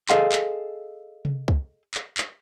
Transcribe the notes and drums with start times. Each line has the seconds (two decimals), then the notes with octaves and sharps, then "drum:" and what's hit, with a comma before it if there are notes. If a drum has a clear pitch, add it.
0.09 G#4 A4 D#5 F5 G5 C6, drum: clap
0.32 drum: clap
1.25 drum: tom C3
1.48 drum: kick
1.94 drum: clap
2.18 drum: clap